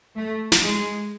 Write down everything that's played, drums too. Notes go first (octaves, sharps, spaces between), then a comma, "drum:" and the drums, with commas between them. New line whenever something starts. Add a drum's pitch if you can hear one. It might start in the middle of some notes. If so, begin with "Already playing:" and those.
A3
drum: snare
G#3